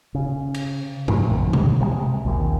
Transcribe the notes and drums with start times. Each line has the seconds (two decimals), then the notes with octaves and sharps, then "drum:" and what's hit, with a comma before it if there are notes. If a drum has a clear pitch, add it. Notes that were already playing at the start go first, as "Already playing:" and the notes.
0.15 C#3
0.54 drum: cymbal
1.08 G2 C3 A3, drum: tom A2
1.29 A#1 F#2 D#3
1.53 D2, drum: tom B2
1.81 C3 E3 G#3
2.25 A#1 D#2